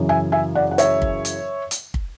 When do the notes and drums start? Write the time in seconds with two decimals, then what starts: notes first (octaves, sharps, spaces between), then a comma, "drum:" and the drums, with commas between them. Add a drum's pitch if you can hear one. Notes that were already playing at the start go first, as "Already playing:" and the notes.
Already playing: F#2 C#3 E3
0.09 E5 G#5
0.32 E5 G#5
0.55 D5 F#5
0.71 F#5
0.78 C#5 E5, drum: hi-hat
1.02 drum: kick
1.25 drum: hi-hat
1.71 drum: hi-hat
1.94 drum: kick